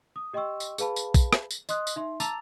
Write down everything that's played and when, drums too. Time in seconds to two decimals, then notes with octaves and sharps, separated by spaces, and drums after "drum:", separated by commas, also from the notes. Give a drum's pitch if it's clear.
0.16 D#6
0.33 G4 D#5 G5 C6 C#6 E6
0.60 drum: tambourine
0.78 G#4 B4 F5 A5 B5, drum: tambourine
0.96 drum: tambourine
1.14 drum: kick, tambourine
1.33 drum: rim click
1.51 drum: tambourine
1.69 D#5 C6 D#6 F#6, drum: tambourine
1.87 drum: tambourine
1.96 D#4 E5 C6
2.20 A5 A#5 D6 E6 A6 F7, drum: tambourine